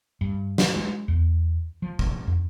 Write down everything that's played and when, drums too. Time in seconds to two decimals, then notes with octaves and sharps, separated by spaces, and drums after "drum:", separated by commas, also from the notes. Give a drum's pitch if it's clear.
0.21 G2
0.58 drum: snare
0.76 G#3
1.08 E2
1.82 F3
1.99 drum: kick
2.27 F2